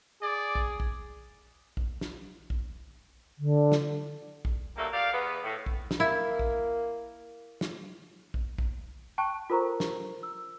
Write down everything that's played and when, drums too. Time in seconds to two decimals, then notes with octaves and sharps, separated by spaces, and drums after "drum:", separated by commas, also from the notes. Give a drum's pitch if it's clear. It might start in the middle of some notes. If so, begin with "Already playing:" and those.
0.22 G#4 D5
0.55 drum: kick
0.80 drum: kick
1.77 drum: kick
2.01 drum: snare
2.50 drum: kick
3.39 D3
3.72 drum: snare
4.45 drum: kick
4.77 G2 F#3 G3 A3 A#3
4.93 G4 A#4 D5 F5
5.13 E2 B3
5.44 A2
5.66 drum: kick
5.91 drum: snare
6.00 A#3 E4
6.39 drum: kick
7.61 drum: snare
8.34 drum: kick
8.58 drum: kick
9.18 G5 A5 C#6 F#6
9.50 F4 A4 A#4 C5 A#5 C#6
9.80 drum: snare
10.23 E6